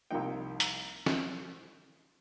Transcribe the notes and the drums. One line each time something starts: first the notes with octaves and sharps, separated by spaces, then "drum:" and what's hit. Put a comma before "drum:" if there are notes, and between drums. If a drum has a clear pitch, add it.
C2 C3 F3 A#3 D#4 G5
A#5, drum: hi-hat
drum: snare